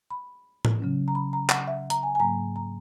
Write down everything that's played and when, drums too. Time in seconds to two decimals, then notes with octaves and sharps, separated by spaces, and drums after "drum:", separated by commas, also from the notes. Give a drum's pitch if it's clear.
0.10 B5
0.65 drum: tom A2
0.80 C#3 F#3 C#4
1.08 A#5
1.15 B5
1.33 A#5
1.50 F#5, drum: clap
1.67 E5
1.90 A#5, drum: hi-hat
2.03 G#5
2.15 G#5
2.20 G#2 F#3 A#3 A#5
2.56 A#5